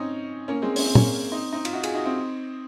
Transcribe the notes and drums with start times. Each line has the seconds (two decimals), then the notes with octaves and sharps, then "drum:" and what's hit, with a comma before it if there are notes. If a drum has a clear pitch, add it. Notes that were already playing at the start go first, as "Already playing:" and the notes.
Already playing: C4 C#4 D#4
0.48 A#3 C#4
0.62 G#3 C4
0.76 C#4, drum: open hi-hat
0.85 C4
0.95 A#3 C#4, drum: tom
1.32 C4 D#4
1.53 C4 D#4
1.65 F4, drum: cymbal
1.73 D#4 F#4
1.83 F4 G#4, drum: cymbal
1.95 D#4 F#4
2.05 C4 D#4